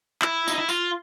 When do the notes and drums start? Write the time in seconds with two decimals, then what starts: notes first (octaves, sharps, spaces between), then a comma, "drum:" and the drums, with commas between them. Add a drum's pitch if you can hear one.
0.22 E4, drum: clap
0.48 D#4, drum: tambourine
0.58 E4
0.69 F4, drum: tambourine